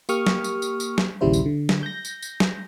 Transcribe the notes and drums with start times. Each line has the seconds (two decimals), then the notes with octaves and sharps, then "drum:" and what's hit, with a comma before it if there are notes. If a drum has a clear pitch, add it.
0.09 A#3 G4 C#6 D#6 F6, drum: tambourine
0.27 drum: snare
0.44 drum: tambourine
0.62 drum: tambourine
0.80 drum: tambourine
0.98 drum: snare
1.21 A#1 D#2 C#3 G3 E4 C5
1.33 drum: tambourine
1.46 D3
1.69 drum: snare
1.83 G6 A#6
2.05 drum: tambourine
2.23 drum: tambourine
2.40 drum: snare